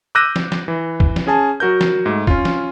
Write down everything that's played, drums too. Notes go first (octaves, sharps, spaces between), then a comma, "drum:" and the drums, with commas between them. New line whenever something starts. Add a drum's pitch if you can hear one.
D6 E6 F#6 G6 A#6 D#7
drum: snare
drum: snare
E3
drum: kick
drum: snare
C#4 G#4 G#5 A5
F#3 F#4 A#4 G6
drum: snare
G#2 A3
C#4 F4, drum: kick
drum: snare